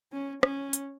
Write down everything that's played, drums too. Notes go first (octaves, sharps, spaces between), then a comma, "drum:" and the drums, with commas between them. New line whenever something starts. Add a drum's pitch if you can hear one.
C#4
C#4, drum: rim click
drum: hi-hat